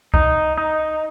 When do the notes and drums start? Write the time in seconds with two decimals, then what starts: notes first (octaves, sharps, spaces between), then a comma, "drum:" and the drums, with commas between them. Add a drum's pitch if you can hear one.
0.14 D#4, drum: kick
0.58 D#4